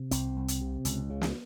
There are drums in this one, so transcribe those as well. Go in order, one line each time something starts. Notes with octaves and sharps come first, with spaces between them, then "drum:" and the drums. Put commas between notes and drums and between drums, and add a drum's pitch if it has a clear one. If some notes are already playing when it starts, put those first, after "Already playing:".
Already playing: C3
C2 C4, drum: hi-hat
C2
drum: hi-hat
C3
C#2, drum: hi-hat
C#3
drum: snare